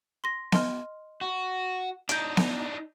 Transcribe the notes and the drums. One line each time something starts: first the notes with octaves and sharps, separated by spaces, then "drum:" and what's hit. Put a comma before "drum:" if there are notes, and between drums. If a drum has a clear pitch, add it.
C6 A#6
D#5 C6 F6, drum: snare B3
F#4
D4 D#4 G6 D7, drum: hi-hat
drum: snare B3